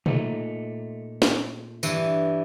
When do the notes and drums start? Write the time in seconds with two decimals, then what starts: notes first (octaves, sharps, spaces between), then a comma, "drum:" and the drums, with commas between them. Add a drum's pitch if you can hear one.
0.06 A#2 A3 D#4, drum: tom
1.22 drum: snare
1.83 G2 E3, drum: tambourine